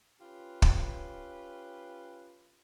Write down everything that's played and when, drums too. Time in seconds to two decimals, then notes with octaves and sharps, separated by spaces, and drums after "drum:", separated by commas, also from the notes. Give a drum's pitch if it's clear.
0.20 C#4 F4 G4 B4
0.62 drum: kick